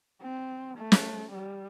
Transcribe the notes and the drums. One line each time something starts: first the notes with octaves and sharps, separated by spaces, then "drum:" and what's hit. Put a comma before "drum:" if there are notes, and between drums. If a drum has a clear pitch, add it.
C4
A3
drum: snare
G3